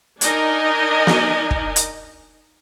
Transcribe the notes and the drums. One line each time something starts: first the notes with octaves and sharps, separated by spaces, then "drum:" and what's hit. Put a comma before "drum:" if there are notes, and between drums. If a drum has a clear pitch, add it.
D4 D#4 A#4 D#5 G#5, drum: hi-hat
drum: snare
drum: kick
drum: hi-hat